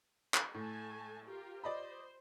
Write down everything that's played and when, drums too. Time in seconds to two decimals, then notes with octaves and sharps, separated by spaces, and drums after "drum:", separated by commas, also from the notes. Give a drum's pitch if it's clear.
0.34 drum: clap
0.54 A2 A3 G#5 A5
1.26 F4 G4 A#4
1.64 C5 D5 D#5 B5